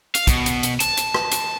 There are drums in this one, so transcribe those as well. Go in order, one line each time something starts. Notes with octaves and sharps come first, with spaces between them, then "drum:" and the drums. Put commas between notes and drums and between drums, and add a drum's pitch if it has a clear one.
F5, drum: hi-hat
B2, drum: kick, hi-hat
drum: hi-hat
drum: hi-hat
A5, drum: hi-hat
drum: hi-hat
drum: rim click
drum: hi-hat